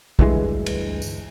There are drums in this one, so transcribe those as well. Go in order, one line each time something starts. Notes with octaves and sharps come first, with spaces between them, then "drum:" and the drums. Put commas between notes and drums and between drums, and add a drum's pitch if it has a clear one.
D2 G2 E3 G#3, drum: kick
drum: cymbal
drum: tambourine